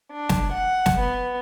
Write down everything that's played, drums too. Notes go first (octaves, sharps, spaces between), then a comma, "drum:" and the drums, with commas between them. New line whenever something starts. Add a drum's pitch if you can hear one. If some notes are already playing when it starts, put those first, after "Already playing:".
D4
drum: snare
F#5
drum: snare
B3